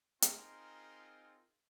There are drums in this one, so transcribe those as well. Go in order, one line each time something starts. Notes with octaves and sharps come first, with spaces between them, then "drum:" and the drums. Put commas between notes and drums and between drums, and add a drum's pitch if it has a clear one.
C4 D#4 F4 G#4 A#4, drum: hi-hat